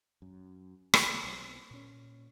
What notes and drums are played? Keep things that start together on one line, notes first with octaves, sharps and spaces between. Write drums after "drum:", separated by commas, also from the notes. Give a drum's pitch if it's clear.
F#2
B1 C3 C4, drum: rim click
B1 C4
A#2 C#4